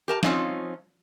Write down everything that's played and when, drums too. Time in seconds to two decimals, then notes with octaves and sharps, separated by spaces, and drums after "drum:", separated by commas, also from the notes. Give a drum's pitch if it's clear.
0.08 G4 A#4 A5
0.23 F3 C4 C#4 D#4 F4, drum: snare